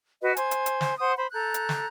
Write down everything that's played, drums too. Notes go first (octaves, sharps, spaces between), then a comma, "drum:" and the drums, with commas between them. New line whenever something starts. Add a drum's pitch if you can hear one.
F#4 B4 D#5
C5 G#5, drum: hi-hat
drum: hi-hat
drum: hi-hat
drum: snare
C5 F#5 D#6
C5 B5
A4 A#5 F#6 G6
drum: hi-hat
drum: snare